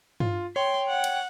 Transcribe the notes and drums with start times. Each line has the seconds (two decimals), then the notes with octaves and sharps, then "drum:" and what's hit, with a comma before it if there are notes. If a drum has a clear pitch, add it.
0.20 F4, drum: tom G2
0.56 C#5 G5 C6
0.89 F#5
1.04 drum: cymbal